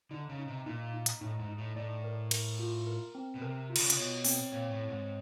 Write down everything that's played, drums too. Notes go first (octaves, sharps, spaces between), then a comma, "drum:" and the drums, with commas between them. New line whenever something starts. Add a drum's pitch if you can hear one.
D3 D#4
C#3
D#4
C3
A#2 D#4
D#4
drum: hi-hat
A2 D#4
G#2
D#4
A2
A2 D5
A#4
A#4, drum: cymbal
F4
A#4
C4
B2
C3 A#4
F4
D3, drum: cymbal
C#3
C3, drum: hi-hat
B2 C#5
C4, drum: open hi-hat
A#2 C#5
A2
C4
G#2